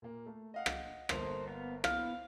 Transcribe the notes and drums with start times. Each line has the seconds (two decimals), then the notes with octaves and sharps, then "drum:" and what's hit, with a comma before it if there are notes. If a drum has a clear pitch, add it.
0.02 A#2 A#3
0.26 A3
0.54 D#5 F5 F#5
0.66 drum: rim click
1.09 G1 A#3 A4 C5 D#5 F7, drum: rim click
1.47 B3 F5
1.84 B3 E4 F5, drum: rim click